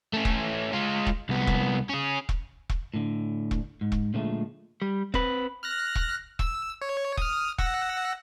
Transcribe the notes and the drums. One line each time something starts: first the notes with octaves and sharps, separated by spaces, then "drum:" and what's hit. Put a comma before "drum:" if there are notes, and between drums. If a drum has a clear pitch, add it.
A3 C#4
drum: kick E1
G#3 F4
drum: kick E1
C2 B3
drum: kick E1
C#4 G#4
drum: kick E1
drum: kick E1
A2 D3
drum: kick E1
G#2
drum: kick E1
A#2 D3 F3 G#3 A3
G3
C4 B4, drum: kick E1
F6 F#6 A#6
drum: kick E1
E6, drum: kick E1
C#5
D#6 F6, drum: kick E1
F#5 E6 A#6, drum: kick E1